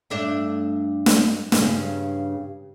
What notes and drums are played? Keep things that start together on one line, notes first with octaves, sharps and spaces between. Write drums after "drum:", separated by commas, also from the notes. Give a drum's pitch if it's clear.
G2 A3 D4
drum: snare
G2 C#3, drum: snare